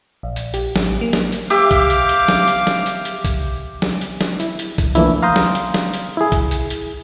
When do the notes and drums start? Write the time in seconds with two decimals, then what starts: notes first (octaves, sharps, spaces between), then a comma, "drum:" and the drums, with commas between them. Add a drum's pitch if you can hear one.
0.23 A#1
0.36 drum: hi-hat
0.54 G4, drum: hi-hat
0.76 A1, drum: snare
1.01 A#3
1.13 drum: snare
1.32 drum: hi-hat
1.50 G4 E5 F5 D6, drum: hi-hat
1.71 drum: kick B1, hi-hat
1.90 drum: hi-hat
2.09 drum: hi-hat
2.28 drum: snare
2.48 drum: hi-hat
2.67 drum: snare
2.86 drum: hi-hat
3.05 drum: hi-hat
3.25 drum: kick B1, hi-hat
3.82 drum: snare
4.01 drum: hi-hat
4.21 drum: snare
4.40 E4, drum: hi-hat
4.59 drum: hi-hat
4.78 drum: kick B1, hi-hat
4.95 E3 F3 A3 A#3 D4 E4, drum: hi-hat
5.22 F5 A#5 C6 D#6 G6
5.36 drum: snare
5.55 drum: hi-hat
5.74 drum: snare
5.94 drum: hi-hat
6.17 E4 G#4
6.32 drum: kick B1, hi-hat
6.51 drum: hi-hat
6.70 drum: hi-hat